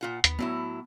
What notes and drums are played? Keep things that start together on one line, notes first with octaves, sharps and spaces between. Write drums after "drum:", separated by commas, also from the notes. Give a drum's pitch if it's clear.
A#2 F4 F#5
D#2 B3, drum: hi-hat
A2 F#3 B3 E4